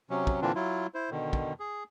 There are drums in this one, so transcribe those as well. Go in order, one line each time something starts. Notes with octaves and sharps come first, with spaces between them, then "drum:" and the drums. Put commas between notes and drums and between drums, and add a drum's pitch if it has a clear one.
C3 F#3 C#4
drum: kick
A#2 D3 E3 C4 D4 F4
F#3 E4 F4
E4 C5
B2 D3 D#3
drum: kick
G#4